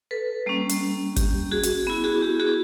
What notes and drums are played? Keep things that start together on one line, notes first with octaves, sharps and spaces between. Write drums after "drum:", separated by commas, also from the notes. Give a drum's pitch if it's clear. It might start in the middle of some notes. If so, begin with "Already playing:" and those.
A4 B4
G3 A#3 C#4
drum: hi-hat
G4, drum: kick G1, hi-hat
F#4 G#4
drum: hi-hat
B3 E4
F#4 G#4
G4
F#4 G#4